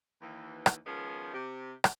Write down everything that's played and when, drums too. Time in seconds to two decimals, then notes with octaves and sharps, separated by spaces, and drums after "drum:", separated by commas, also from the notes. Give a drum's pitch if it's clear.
0.22 D#2 E3
0.66 drum: rim click
0.86 D#3 F3 G#3 B3 C#4
1.34 C3 G4
1.84 drum: rim click